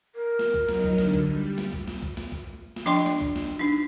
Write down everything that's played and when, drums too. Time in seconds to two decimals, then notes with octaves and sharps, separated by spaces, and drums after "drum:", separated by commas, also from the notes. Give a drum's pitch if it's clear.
0.15 A#4
0.39 drum: snare
0.54 drum: kick
0.69 F#3 D#4, drum: snare
0.84 drum: kick
0.98 D3, drum: snare
1.13 drum: kick
1.28 G3
1.58 drum: snare
1.73 drum: kick
1.87 drum: snare
2.02 drum: kick
2.17 drum: snare
2.32 drum: kick
2.76 drum: snare
2.86 F3 D4 D#5 G5 C6 C#6
3.06 drum: snare
3.21 drum: kick
3.36 drum: snare
3.59 D4 D#4